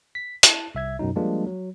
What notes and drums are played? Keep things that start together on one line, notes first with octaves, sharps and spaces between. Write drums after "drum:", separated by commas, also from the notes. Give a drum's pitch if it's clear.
B6
E4 A5, drum: hi-hat
C2 E5 G#6
F#2 B2 F#3 D#4
F3 G3 G#3 A#3 D4
F#3